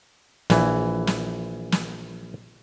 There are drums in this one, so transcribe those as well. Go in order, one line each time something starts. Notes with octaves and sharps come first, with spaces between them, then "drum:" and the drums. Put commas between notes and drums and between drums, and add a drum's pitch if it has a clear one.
A#1 E3, drum: snare
drum: snare
drum: snare